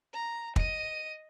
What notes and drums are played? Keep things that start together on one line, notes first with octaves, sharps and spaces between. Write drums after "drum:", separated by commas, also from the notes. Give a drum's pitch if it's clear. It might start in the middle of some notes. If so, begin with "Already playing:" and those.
A#5
D#5 D#7, drum: kick